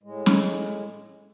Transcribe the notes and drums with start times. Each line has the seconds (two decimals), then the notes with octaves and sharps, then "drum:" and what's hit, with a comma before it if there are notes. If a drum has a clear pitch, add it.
0.03 A2 G#3
0.26 drum: snare